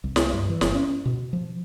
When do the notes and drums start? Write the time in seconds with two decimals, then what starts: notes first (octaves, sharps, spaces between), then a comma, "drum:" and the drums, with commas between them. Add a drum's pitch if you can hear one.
0.04 C2
0.16 drum: snare
0.33 G2
0.49 E3
0.61 G1, drum: snare
0.74 C#4
1.06 B2
1.33 F3